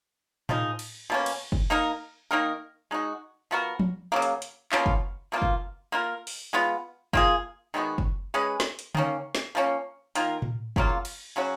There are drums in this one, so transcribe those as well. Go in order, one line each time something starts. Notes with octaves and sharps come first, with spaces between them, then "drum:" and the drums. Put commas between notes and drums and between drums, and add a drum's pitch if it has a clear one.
F3 G#3 D#4 A#4, drum: tom A2
drum: cymbal
B2 A#3 C#4
drum: cymbal
drum: kick
A#3 D#4 A#4
D#3 A#3 D#4 A#4
G#3 D#4 F#4
F3 B3 F#4 A#4
drum: tom F3
C#3 F#3 A#3
drum: hi-hat
drum: hi-hat
B2 A#3 C#4 F4, drum: clap
drum: kick
B2 A#3 C#4 F4
drum: kick
A#3 F4 A#4
drum: open hi-hat
G#3 B3 F4
A#3 F4 G#4, drum: kick
D#3 G#3 B3 F#4
drum: kick
G#3 C#4 G#4 B4
drum: snare
drum: hi-hat
D#3 A#3 C#4, drum: tom C#3
drum: snare
F3 A#3 C#4
D#3 A#3 F4 A#4, drum: hi-hat
drum: tom A2
C#3 F#3 A#3 F4, drum: kick
drum: cymbal
C#3 F#3 C#4 F#4